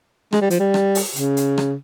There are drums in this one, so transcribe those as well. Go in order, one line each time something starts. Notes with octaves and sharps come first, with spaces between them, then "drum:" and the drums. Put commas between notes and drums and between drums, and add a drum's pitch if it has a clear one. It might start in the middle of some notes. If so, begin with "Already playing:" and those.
G#3, drum: rim click
G3
F3, drum: hi-hat
G3
drum: rim click
drum: open hi-hat
C#3, drum: hi-hat
drum: hi-hat
drum: rim click